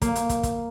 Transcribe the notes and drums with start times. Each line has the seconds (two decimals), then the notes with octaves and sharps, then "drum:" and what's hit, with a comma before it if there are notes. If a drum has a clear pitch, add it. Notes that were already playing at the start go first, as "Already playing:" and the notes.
0.02 A#3, drum: kick, hi-hat
0.15 drum: hi-hat
0.29 drum: kick, hi-hat
0.43 drum: kick, hi-hat